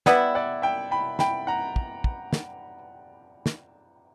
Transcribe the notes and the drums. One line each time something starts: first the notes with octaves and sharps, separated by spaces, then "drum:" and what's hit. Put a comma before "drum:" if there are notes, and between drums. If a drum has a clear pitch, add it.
G3 B3 E4 D5 F#5, drum: snare
D5 F#5
E5 G5
G5 B5
G5 B5, drum: snare
F#5 A#5
drum: kick
drum: kick
drum: snare
drum: snare